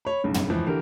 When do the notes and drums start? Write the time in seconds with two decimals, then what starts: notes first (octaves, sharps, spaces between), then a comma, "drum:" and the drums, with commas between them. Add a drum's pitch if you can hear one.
0.05 C#5 B5
0.24 B1 G2 C#3
0.34 drum: tom
0.50 C#2 E3 F3
0.67 D3 E3 G4 A#4